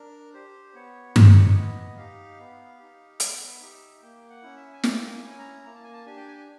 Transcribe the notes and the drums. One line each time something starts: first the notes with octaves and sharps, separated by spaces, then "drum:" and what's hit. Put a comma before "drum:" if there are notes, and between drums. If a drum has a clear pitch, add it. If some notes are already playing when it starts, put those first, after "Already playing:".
Already playing: D4 A#4
G4 C5
B3 C#5
D#4 G4 C#5, drum: tom G2
B3 D#5
D#4 G4 F5
B3
D#4 G4
B3 E5, drum: hi-hat
D#4 G4
A#3 G5
F#5
C#4 E4
E5
G#5
A#3 G5, drum: snare
G5
G#5
C#4 E4
A#5
A#3 A#5
A5
G#5
A5
D4 G4 G#5
G5
G#5
G#5